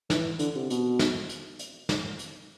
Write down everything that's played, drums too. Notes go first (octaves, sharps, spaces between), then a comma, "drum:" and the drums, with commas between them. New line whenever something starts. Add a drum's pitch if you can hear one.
E3, drum: snare
D3, drum: hi-hat
C3
B2, drum: hi-hat
drum: snare
drum: hi-hat
drum: hi-hat
drum: snare
drum: hi-hat